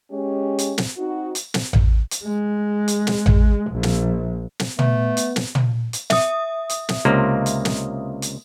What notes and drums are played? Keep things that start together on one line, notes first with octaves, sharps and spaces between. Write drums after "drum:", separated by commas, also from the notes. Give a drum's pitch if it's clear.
G#3 C#4 G4
drum: hi-hat
drum: snare
C4 D#4 F#4
drum: hi-hat
drum: snare
drum: tom A1
drum: hi-hat
G#3
drum: hi-hat
drum: snare
drum: tom A1
A#1
drum: snare
drum: snare
A3 B3, drum: tom
drum: hi-hat
drum: snare
drum: tom
drum: hi-hat
E5 D#6, drum: snare
drum: hi-hat
drum: snare
C#2 C3 A#3
drum: hi-hat
drum: snare
drum: hi-hat